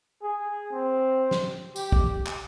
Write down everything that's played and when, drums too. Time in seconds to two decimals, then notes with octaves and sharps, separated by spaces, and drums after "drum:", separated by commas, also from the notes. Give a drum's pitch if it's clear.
0.22 G#4
0.73 C4
1.31 drum: snare
1.76 G4, drum: tambourine
1.92 drum: kick
2.27 drum: clap